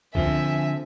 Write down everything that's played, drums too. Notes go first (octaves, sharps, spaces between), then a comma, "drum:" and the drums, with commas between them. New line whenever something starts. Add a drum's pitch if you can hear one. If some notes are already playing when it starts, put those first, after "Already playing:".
D3 F3 C4 E5 G#5, drum: kick